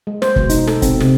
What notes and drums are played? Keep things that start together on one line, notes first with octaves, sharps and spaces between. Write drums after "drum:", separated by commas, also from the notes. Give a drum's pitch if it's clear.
G#3
C5, drum: snare
B2, drum: kick
D#4, drum: hi-hat
A4, drum: snare
C4, drum: kick, hi-hat
C3, drum: snare